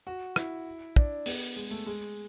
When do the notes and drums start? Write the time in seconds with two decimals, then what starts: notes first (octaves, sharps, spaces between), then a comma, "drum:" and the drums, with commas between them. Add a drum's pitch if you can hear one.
0.07 F#4
0.36 E4, drum: rim click
0.96 D4, drum: kick
1.26 B3, drum: open hi-hat
1.56 G#3
1.71 A3
1.86 G#3